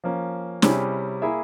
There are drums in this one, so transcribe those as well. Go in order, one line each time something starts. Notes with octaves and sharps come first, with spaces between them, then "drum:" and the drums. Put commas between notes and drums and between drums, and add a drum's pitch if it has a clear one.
F3 A#3 C#4
C3 G3 C#4 E4 G#4, drum: snare
A#3 E4 G#4 E5